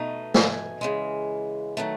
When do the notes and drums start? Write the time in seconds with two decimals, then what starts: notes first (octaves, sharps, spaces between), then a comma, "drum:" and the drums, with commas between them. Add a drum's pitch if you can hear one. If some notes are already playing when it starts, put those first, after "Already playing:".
Already playing: B2 A3 D#4
0.34 G#5, drum: snare
0.81 C#3 E3 G#3
1.77 D#3 F#3 A3